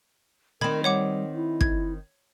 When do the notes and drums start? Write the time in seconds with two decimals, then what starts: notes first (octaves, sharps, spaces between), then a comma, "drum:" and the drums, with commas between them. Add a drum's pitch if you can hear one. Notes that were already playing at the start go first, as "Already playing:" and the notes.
0.61 D#3 C4 A#4 B5 G#6
0.84 G3 C#5 F#5 D6
1.34 E4
1.61 G#6, drum: kick